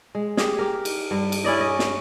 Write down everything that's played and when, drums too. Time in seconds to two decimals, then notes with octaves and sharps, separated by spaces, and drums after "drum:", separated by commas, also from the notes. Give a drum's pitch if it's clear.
0.15 G#3
0.37 G4 G#4, drum: snare
0.59 G4 A#4
0.85 drum: cymbal
1.11 G2
1.32 drum: cymbal
1.44 C#4 E4 D5 D#5
1.60 D#5
1.79 drum: snare